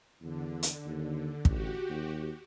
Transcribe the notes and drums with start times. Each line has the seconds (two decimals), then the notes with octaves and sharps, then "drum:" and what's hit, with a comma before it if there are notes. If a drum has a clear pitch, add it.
0.22 E2 D3
0.63 drum: hi-hat
0.86 D#2
1.45 A1 F#4 G4, drum: kick
1.90 D#2